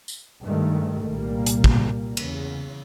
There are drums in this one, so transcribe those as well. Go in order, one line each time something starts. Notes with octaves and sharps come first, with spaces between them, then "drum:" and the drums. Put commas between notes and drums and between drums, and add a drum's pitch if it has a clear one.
drum: tambourine
G2 D#3 G#3 A3
C2 A#2 G3 A#3
drum: hi-hat
drum: kick
E2 C#3, drum: cymbal